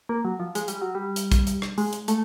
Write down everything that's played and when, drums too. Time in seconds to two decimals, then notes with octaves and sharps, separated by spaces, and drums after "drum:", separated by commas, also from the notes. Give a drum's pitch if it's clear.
0.09 A#3
0.25 F#3
0.40 F3
0.55 G#3, drum: hi-hat
0.68 G3, drum: hi-hat
0.81 F#3
0.95 G3
1.16 drum: hi-hat
1.32 drum: kick, hi-hat
1.47 drum: hi-hat
1.62 drum: rim click
1.78 G#3, drum: open hi-hat
1.93 drum: hi-hat
2.08 A3, drum: hi-hat